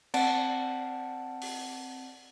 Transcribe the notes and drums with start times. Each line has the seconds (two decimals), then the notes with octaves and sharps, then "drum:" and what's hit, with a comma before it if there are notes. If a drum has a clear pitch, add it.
0.14 C4 D5 F#5 A5 A6 D7, drum: cymbal
1.41 drum: open hi-hat